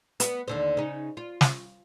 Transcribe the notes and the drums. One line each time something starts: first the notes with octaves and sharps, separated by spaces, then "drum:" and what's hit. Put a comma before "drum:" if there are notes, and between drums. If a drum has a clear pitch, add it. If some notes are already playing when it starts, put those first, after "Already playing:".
B3, drum: hi-hat
D#2 D3 C5
C#3 D#4
F4
drum: snare